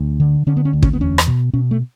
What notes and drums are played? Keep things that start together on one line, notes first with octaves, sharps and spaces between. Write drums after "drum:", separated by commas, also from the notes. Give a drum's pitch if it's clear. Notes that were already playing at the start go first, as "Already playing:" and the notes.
Already playing: D2
D3
D3 C#4
B3
C#4
D2
C#4, drum: kick
B3
E2 C#4
drum: rim click
B2
B2 C#4
A3